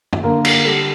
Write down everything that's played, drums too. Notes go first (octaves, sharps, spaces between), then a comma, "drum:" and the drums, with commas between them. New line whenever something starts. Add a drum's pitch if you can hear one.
drum: tom
D3 A#3 A#4
drum: cymbal
G3 A4